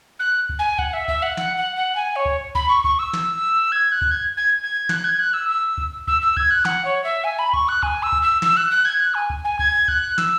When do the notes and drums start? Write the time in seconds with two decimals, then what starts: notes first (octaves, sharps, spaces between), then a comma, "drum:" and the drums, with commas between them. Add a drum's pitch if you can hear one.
0.20 F#6
0.49 drum: kick
0.59 G#5
0.79 F#5, drum: kick
0.93 E5
1.08 E5, drum: kick
1.23 F#5
1.37 F#5, drum: snare
1.57 F#5
1.76 F#5
1.96 G#5
2.16 C#5
2.25 drum: kick
2.55 B5, drum: kick
2.69 C#6
2.84 C#6, drum: kick
2.99 E6
3.13 drum: snare
3.72 G#6
3.92 F#6
4.02 drum: kick
4.11 G#6
4.37 G#6
4.63 G#6
4.89 F#6, drum: snare
5.04 G#6
5.19 F#6
5.33 E6
5.49 E6
5.78 drum: kick
6.07 E6, drum: kick
6.22 E6
6.37 G#6, drum: kick
6.51 F#6
6.65 F#5, drum: snare
6.85 C#5
7.04 E5
7.24 G#5
7.39 B5
7.53 C#6, drum: kick
7.69 F#6
7.83 G#5, drum: kick
8.03 E6
8.12 drum: kick
8.22 E6
8.42 E6, drum: snare
8.57 F#6
8.70 F#6
8.85 G#6
9.00 F#6
9.14 G#5
9.30 drum: kick
9.45 G#5
9.59 G#6, drum: kick
9.88 F#6, drum: kick
10.18 E6, drum: snare